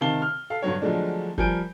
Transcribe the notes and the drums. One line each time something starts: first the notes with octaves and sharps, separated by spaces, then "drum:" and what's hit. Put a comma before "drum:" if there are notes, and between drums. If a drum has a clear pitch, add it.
C3 D#3 F5 A5 G7
F6
A4 F5
G2 D3 F#3 C#5
D3 F3 F#3 G#3 A3 D4
F3 G3 A#4 G#5 G6 D7, drum: kick